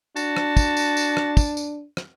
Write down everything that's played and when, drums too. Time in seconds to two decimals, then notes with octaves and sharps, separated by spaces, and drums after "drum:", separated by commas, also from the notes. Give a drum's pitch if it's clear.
0.16 D4 F#4 A5, drum: tambourine
0.37 drum: rim click
0.57 drum: kick, tambourine
0.77 drum: tambourine
0.97 drum: tambourine
1.17 drum: rim click
1.37 drum: kick, tambourine
1.57 drum: tambourine
1.97 drum: rim click